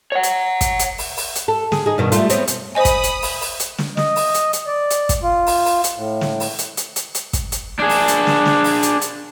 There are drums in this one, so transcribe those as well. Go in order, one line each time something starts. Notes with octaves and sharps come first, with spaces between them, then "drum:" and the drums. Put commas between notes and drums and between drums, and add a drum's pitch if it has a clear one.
C#5 F#5
drum: hi-hat
drum: kick, hi-hat
drum: hi-hat
drum: open hi-hat
drum: open hi-hat
drum: hi-hat
A4
G#4, drum: snare
D#4 G#4
G2 B2 D#3
G3 A3 F4, drum: hi-hat
B3 C4 C#5, drum: hi-hat
drum: hi-hat
C5 D#5 G#5 B5 D#6
drum: kick, hi-hat
drum: hi-hat
drum: open hi-hat
drum: open hi-hat
drum: hi-hat
drum: snare
D#5, drum: snare
drum: open hi-hat
drum: hi-hat
drum: hi-hat
D5
drum: hi-hat
drum: kick, hi-hat
F4
drum: open hi-hat
drum: open hi-hat
drum: hi-hat
A2
drum: snare
drum: open hi-hat
drum: hi-hat
drum: hi-hat
drum: hi-hat
drum: hi-hat
drum: kick, hi-hat
drum: hi-hat
D4 G#4
drum: open hi-hat
drum: hi-hat
drum: snare
drum: snare
drum: open hi-hat
drum: hi-hat
drum: hi-hat